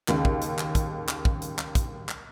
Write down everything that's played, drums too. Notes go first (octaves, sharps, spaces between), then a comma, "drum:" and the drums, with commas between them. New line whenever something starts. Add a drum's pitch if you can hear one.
D#2 C#3, drum: clap
drum: kick
drum: hi-hat
drum: clap
drum: kick, hi-hat
drum: clap
drum: kick
drum: hi-hat
drum: clap
drum: kick, hi-hat
drum: clap